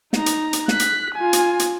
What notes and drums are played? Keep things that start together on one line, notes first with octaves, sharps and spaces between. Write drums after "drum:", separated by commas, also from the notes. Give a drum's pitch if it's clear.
D#4 A#5, drum: snare
drum: hi-hat
drum: hi-hat
F#6 B6, drum: snare
drum: hi-hat
F4 G#5
drum: hi-hat
drum: hi-hat